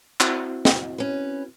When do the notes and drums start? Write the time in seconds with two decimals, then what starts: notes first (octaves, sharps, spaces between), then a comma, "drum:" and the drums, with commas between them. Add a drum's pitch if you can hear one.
0.20 C4 E4 F#4, drum: clap
0.65 drum: snare
0.98 C#4 B4